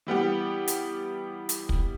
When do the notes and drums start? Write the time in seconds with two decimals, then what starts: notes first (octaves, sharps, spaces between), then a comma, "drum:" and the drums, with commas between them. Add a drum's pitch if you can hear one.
0.07 E3 G3 B3 G4
0.68 drum: hi-hat
1.49 drum: hi-hat
1.69 drum: kick